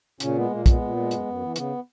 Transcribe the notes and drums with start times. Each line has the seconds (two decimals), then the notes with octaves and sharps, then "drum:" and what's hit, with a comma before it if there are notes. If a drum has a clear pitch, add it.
0.20 A#2 C#3 C#4, drum: hi-hat
0.36 G#3 B3
0.51 A#2 A#3
0.66 G#3 B3, drum: kick, hi-hat
0.81 A#2
0.96 G#3
1.11 F#2, drum: hi-hat
1.26 F#2
1.41 E3
1.56 C#3 B3, drum: hi-hat